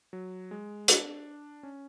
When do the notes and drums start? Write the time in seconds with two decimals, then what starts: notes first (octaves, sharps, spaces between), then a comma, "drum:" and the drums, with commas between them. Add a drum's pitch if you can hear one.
0.13 F#3
0.51 G#3
0.88 D4, drum: hi-hat
1.63 C#4